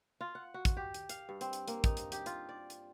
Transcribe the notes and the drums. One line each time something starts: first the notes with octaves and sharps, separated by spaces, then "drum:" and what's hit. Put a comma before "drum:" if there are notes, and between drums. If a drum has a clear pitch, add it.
F4
F#5
F#4
drum: kick, hi-hat
G4
drum: hi-hat
F5, drum: hi-hat
G2
C4, drum: hi-hat
drum: hi-hat
A#3, drum: hi-hat
D#4, drum: kick, hi-hat
drum: hi-hat
G4, drum: hi-hat
F4, drum: hi-hat
D5
drum: hi-hat